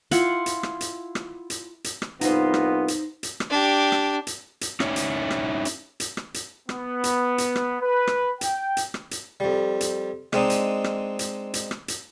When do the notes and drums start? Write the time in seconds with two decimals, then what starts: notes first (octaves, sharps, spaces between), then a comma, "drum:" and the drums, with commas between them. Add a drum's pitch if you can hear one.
0.11 E4 F4 F5 F#5, drum: hi-hat
0.46 drum: hi-hat
0.63 drum: rim click
0.81 drum: hi-hat
1.15 drum: rim click
1.50 drum: hi-hat
1.84 drum: hi-hat
2.02 drum: rim click
2.21 C2 B3 D#4 F4 C5, drum: hi-hat
2.54 drum: rim click
2.88 drum: hi-hat
3.23 drum: hi-hat
3.40 drum: rim click
3.50 D4 G4
3.92 drum: rim click
4.27 drum: hi-hat
4.61 drum: hi-hat
4.80 C#4 D#4 E4 C#5, drum: rim click
4.96 drum: hi-hat
5.31 drum: rim click
5.65 drum: hi-hat
6.00 drum: hi-hat
6.17 drum: rim click
6.34 drum: hi-hat
6.69 B3, drum: rim click
7.04 drum: hi-hat
7.38 drum: hi-hat
7.56 drum: rim click
7.81 B4
8.07 drum: rim click
8.41 G5, drum: hi-hat
8.77 drum: hi-hat
8.94 drum: rim click
9.11 drum: hi-hat
9.40 F2 G3
9.81 drum: hi-hat
10.33 G#3 C4 D4 D#4, drum: rim click
10.50 drum: hi-hat
10.84 drum: rim click
11.19 drum: hi-hat
11.54 drum: hi-hat
11.71 drum: rim click
11.88 drum: hi-hat